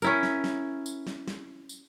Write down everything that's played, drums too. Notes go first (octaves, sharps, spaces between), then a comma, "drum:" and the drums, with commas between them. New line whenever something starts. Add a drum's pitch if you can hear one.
C#4 E4 A#4, drum: tambourine
drum: snare
drum: snare
drum: tambourine
drum: snare
drum: snare
drum: tambourine